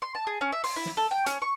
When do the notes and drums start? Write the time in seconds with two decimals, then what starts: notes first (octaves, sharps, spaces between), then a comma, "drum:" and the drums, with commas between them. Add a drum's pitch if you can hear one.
0.02 C6
0.15 A5
0.27 G#4
0.41 C#4
0.52 E5
0.64 C6, drum: open hi-hat
0.76 E4
0.85 drum: snare
0.97 A4
1.11 G5
1.26 C#4, drum: hi-hat
1.42 C#6